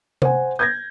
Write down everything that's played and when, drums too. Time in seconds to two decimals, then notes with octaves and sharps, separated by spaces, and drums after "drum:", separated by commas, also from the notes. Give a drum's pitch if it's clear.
0.22 C5 F#5 G#5, drum: tom C3
0.59 G6 G#6 A#6